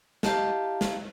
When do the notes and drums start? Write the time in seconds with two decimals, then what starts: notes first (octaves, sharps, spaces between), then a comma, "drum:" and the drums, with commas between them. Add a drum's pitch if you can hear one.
0.23 E4 G4 D#5 F5 A5 A#5, drum: snare
0.81 drum: snare